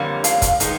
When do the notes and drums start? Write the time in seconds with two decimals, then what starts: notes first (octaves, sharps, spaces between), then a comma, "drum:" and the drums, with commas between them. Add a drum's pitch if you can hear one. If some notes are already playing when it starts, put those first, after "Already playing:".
Already playing: F2 D3 G3 A#3 C#4
0.24 F5, drum: hi-hat
0.42 drum: kick, hi-hat
0.60 D#3 G#3 B3 D#4, drum: hi-hat